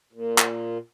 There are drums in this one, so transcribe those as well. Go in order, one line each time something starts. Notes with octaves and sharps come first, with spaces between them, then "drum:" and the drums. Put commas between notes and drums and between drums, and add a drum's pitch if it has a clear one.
A#2
drum: clap